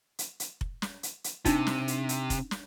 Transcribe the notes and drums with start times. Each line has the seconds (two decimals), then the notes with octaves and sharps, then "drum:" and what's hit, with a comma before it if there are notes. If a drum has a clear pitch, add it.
0.19 drum: hi-hat
0.40 drum: hi-hat
0.61 drum: kick F1
0.82 drum: snare
1.03 drum: hi-hat
1.24 drum: hi-hat
1.45 C3 D4 D#4, drum: kick F1, hi-hat
1.67 drum: snare
1.88 drum: hi-hat
2.09 drum: hi-hat
2.30 drum: kick F1, hi-hat
2.51 drum: snare